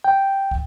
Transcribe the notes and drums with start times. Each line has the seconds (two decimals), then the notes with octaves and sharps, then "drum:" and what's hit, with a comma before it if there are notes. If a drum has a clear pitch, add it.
0.04 G5
0.51 drum: kick